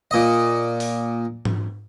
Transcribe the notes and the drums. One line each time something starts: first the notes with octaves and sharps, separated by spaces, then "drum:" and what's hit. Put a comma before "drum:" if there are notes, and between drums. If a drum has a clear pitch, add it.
A#2 D#5
drum: open hi-hat
drum: tom G#2